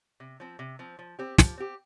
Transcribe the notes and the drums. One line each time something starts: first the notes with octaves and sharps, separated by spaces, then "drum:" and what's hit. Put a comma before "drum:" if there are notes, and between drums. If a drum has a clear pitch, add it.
C3
F3 C4
C3
F3 C4
F3
C4 G4
F3, drum: snare
C4 G4